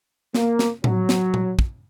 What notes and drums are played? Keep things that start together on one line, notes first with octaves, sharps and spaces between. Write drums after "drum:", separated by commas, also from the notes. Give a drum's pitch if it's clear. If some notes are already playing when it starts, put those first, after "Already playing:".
A#3, drum: snare
drum: snare
F#3, drum: tom A2
drum: snare
drum: tom A#2
drum: kick